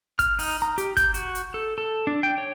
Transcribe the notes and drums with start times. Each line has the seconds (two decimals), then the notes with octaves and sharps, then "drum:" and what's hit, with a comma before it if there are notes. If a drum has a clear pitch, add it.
0.19 F6, drum: kick, hi-hat
0.39 D#4, drum: open hi-hat
0.62 A#5
0.78 G4, drum: hi-hat
0.97 G6, drum: kick, hi-hat
1.14 F#4, drum: hi-hat
1.35 drum: hi-hat
1.54 A4
1.78 A4
2.07 D4
2.23 G5
2.38 C#5